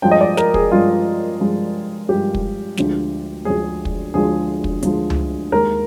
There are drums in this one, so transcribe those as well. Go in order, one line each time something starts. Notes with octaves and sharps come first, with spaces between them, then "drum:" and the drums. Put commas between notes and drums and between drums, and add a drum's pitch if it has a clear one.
G2 F3 G#3 G5
D#5
D5
A#4, drum: snare
G#4, drum: kick
G2 F3 G#3 F4
G2 F3 G#3
G2 F3 G#3 G4
drum: kick
D2 D3 F3 G#3, drum: snare
D2 D3 F3 G#3 G#4
drum: kick
D2 D3 F3 G#3 G#4
drum: kick
D2 D3 F3 G#3, drum: hi-hat
drum: tom C#2
D#2 D#3 G#3 A#4